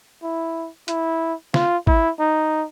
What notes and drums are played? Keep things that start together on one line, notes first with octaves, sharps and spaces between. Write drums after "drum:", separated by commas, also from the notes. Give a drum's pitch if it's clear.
E4
E4, drum: hi-hat
F4, drum: snare
E4, drum: kick G#1
D#4